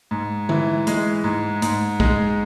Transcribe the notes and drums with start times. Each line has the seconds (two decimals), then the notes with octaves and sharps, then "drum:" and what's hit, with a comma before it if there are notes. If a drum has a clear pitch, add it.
0.11 G#2
0.49 E3, drum: tom D3
0.87 G#3, drum: hi-hat
1.24 G#2
1.62 G#2, drum: hi-hat
2.00 G#3, drum: kick